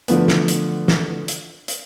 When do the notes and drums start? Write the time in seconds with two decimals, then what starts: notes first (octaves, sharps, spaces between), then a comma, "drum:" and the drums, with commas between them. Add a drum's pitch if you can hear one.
0.08 D3 F3 A3 B3, drum: hi-hat
0.28 drum: snare
0.48 drum: hi-hat
0.88 drum: snare
1.28 drum: hi-hat
1.68 drum: hi-hat